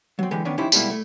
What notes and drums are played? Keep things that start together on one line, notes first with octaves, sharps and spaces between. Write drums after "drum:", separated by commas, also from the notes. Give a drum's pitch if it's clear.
F#3 C4
D3 E3 G#3 G4
D#3 B3 C#4 D4
F3 C#4 D#4 E4 G4 C5
B2 G3 G#3 A#3 E4, drum: tambourine
A3